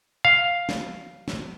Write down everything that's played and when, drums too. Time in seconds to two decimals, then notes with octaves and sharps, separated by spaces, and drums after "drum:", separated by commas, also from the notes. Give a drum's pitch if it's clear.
0.25 F5
0.69 drum: snare
1.28 drum: snare